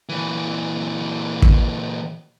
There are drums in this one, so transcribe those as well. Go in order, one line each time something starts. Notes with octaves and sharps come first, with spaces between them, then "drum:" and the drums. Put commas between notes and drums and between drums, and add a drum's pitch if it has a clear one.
A#2 E3
drum: kick